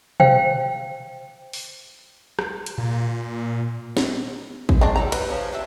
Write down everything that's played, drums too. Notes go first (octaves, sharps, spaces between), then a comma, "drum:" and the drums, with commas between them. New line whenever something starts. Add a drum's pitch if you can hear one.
C5 F5 G5, drum: tom
drum: open hi-hat
drum: rim click
drum: hi-hat
A#2
drum: snare
drum: kick
D#3 G#3 C4 D4
F#3 G3 E4 A#5
B4, drum: cymbal
F3 C#4 D4
D4 G4 E5